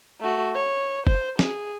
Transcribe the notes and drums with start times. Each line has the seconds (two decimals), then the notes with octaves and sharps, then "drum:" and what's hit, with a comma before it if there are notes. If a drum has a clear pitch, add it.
0.21 A3 F#4
0.55 C#5
1.07 C5, drum: kick
1.39 G#4, drum: snare